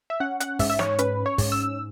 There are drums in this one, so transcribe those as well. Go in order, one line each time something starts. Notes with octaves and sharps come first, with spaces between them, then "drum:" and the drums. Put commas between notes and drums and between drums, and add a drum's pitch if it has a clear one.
E5
C#4 F#5
F#5, drum: hi-hat
G#2 E5, drum: kick, open hi-hat
E5
C#5, drum: snare
C#4 B4, drum: hi-hat
C#5
G#2, drum: kick, open hi-hat
E6